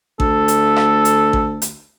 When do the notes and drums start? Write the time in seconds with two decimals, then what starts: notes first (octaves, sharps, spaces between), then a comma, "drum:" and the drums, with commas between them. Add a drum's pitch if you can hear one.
0.20 D2 A4, drum: kick A1
0.48 drum: hi-hat
0.76 drum: rim click
1.05 drum: hi-hat
1.33 drum: kick A1
1.62 drum: hi-hat